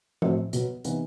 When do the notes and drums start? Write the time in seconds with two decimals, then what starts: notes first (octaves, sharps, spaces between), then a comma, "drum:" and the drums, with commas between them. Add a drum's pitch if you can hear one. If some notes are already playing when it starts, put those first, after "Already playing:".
0.22 A2 F#3 A3 C4, drum: tom F3
0.53 B2 F#3 B3, drum: hi-hat
0.84 C3 E3 B3 D#4, drum: hi-hat